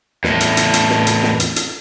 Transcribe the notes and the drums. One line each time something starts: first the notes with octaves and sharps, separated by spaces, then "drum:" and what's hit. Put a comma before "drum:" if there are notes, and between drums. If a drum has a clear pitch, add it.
E2 A2, drum: snare
drum: hi-hat
drum: hi-hat
drum: hi-hat
drum: snare
drum: hi-hat
drum: snare
drum: hi-hat
drum: hi-hat